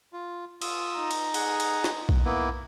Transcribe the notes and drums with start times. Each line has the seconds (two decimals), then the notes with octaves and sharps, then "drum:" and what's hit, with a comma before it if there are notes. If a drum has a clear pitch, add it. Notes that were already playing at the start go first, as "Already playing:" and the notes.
0.13 F4
0.62 F4 D#6 E6, drum: cymbal
0.95 D#4 A#5
1.11 drum: cymbal
1.34 G#4 F#5, drum: cymbal
1.60 drum: cymbal
1.84 drum: snare
2.09 drum: kick B1
2.25 A#3 B3 E4